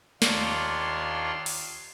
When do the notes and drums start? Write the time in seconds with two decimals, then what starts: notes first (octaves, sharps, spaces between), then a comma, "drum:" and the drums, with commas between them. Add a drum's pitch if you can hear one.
0.22 D#2 D4 F4 C#5 C6, drum: snare
1.46 drum: open hi-hat